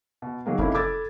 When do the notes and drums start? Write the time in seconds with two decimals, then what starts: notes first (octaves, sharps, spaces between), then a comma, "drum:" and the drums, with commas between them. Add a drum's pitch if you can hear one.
0.22 B2
0.46 D#3 F#3 G#3 A#3
0.59 F2 C3 A#3 C#4 D#4 E4, drum: kick F1
0.74 A4 B5 D6 E6 G#6 A6